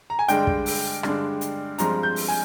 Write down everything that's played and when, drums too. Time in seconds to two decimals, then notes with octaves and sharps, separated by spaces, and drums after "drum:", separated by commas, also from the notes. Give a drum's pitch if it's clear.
0.10 A#5
0.19 G#5
0.28 G2 D3 G#3 D4 G5, drum: hi-hat
0.47 drum: kick
0.66 drum: open hi-hat
1.03 G2 D3 G#3 D4, drum: rim click
1.41 drum: hi-hat
1.78 G2 F3 G#3 C4 A#5, drum: hi-hat
2.03 G6
2.16 drum: open hi-hat
2.28 G#5